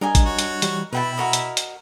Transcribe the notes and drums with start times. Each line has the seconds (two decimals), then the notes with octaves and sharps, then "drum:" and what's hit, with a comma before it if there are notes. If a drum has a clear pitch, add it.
0.01 G3 D4 A#4 D#5 G#5
0.15 drum: kick A1, hi-hat
0.26 F#4 C#5
0.39 drum: hi-hat
0.62 E3 G3, drum: hi-hat
0.93 B2 E4 B4 G5 A5 B5
1.18 F#4 A#4 D#5
1.33 drum: hi-hat
1.57 drum: hi-hat